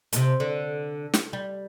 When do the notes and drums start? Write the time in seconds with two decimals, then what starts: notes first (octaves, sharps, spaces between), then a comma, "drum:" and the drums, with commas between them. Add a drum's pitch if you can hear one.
0.13 A2, drum: hi-hat
0.16 C3
0.40 D3
1.14 drum: snare
1.33 G3